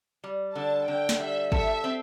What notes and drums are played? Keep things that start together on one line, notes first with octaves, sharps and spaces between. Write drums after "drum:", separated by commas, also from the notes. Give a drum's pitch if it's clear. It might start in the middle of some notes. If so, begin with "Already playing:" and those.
G3
D3 A5
D3 G5
drum: snare
G3 E5
A4 E5, drum: kick
C4